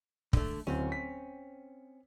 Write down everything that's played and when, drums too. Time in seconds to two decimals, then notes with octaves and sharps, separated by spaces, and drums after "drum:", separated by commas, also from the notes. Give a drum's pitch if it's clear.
0.33 D3 A3, drum: kick
0.67 D1 C4 C#4
0.92 B6